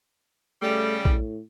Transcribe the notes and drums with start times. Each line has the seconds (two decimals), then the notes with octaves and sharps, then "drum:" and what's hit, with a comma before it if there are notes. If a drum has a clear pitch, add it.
0.62 C#3 G3 A3
1.05 A2, drum: kick A#1